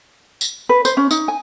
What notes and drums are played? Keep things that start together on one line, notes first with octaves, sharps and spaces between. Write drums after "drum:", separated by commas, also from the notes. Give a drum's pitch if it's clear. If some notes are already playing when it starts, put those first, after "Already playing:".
drum: tambourine
B4
C5, drum: tambourine
C#4
D#4, drum: tambourine
G#5